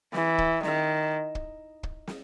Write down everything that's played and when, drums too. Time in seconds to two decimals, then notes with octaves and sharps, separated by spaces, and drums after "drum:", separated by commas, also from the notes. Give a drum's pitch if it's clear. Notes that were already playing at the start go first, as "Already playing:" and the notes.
0.14 E3, drum: snare
0.38 drum: kick
0.63 D#3, drum: snare
1.35 drum: kick
1.83 drum: kick
2.07 drum: snare